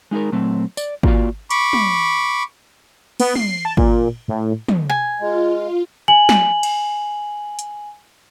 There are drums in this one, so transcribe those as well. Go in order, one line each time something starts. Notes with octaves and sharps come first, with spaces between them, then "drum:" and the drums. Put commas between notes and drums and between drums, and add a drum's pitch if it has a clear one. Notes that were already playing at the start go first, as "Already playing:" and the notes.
G#3 D#4 E4 G#4 A#4
A#2 F#3 A3 C4
D5, drum: tambourine
A#3 B3 F4 F#4 D5 F5, drum: kick G#1
B5 C#6 D6, drum: hi-hat
drum: tom
B3, drum: cymbal
C7, drum: tom
A5
A#2, drum: kick G#1
A2
drum: tom
G#5
G#3 F4
G#5 F#7
drum: snare
drum: cymbal
drum: hi-hat